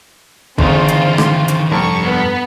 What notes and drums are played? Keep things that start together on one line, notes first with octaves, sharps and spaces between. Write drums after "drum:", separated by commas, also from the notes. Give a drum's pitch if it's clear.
G1 D#3 E3 C4 F4 G#4, drum: kick
drum: hi-hat
drum: rim click
drum: hi-hat
F1 G2 C#6
B3